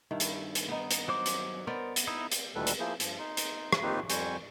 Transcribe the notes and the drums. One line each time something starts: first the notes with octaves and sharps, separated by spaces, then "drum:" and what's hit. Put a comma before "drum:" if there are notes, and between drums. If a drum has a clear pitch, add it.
G2 D#3 E4
drum: hi-hat
drum: hi-hat
B3 D#4
drum: hi-hat
F#3 C5 D6
drum: hi-hat
B3 A#4 C5 D5 D#5
drum: hi-hat
D#4 E4
drum: hi-hat
D2 A#2 D#3 G3 A4 B4
drum: hi-hat
F3 A#3 E4 G#4 C5
G2 F3, drum: hi-hat
D#4 C6
drum: hi-hat
drum: rim click
A#3 C4 D#4 F4 G4 B4
F2 G3 C5 G#5 C#6, drum: hi-hat